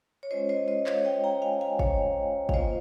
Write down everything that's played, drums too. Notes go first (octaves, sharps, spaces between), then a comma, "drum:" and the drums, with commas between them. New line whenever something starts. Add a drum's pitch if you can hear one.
C#5
G#3 C#4 F4 C5 D#5
C5 D#5
C5 D#5
C#5 F5, drum: clap
D#5 G5
G5 A#5
F5 G#5
F5 G#5
C#5 F5, drum: kick
F5, drum: kick
A#3 F4 C5 D#5